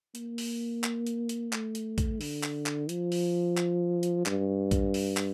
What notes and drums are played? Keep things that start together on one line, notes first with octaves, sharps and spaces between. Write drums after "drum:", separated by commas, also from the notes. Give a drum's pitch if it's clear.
A#3, drum: hi-hat
drum: open hi-hat
drum: clap
drum: hi-hat
drum: hi-hat
A3, drum: clap
drum: hi-hat
drum: kick, hi-hat
D3, drum: open hi-hat
drum: clap
drum: clap
F3, drum: hi-hat
drum: open hi-hat
drum: clap
drum: hi-hat
G2, drum: clap
drum: kick, hi-hat
drum: open hi-hat
drum: clap